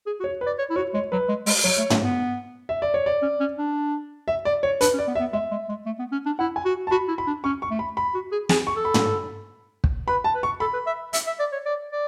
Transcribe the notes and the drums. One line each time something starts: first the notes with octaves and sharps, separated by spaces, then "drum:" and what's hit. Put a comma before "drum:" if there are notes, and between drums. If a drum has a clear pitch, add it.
G#4
F#4
C#5
B4
D5
C#5
E4
F#4 C#5
G#3 C#5
F#3 B4
G#3
G#3, drum: open hi-hat
F#3 C#5
A3
A3, drum: tom
B3
E5
D5
C#5
D5
C#4
C#4
D4
E5
D5
C#5
D4 B4, drum: hi-hat
C#4
D5
B3
E5
B3
G#3 E5
G#3
G#3
A3
B3
C#4
D4
E4 F#5
G#5
F#4
A5
F#4 B5
E4
B5
D4
C#4 C#6
C#6
A3
B5
B5
F#4
G#4
G#4 G#5, drum: snare
C#6
A4
B5
drum: tom
drum: kick
B4 B5
A5
B4
C#6
A4 B5
B4
E5
E5, drum: hi-hat
E5
D5
C#5
D5
D5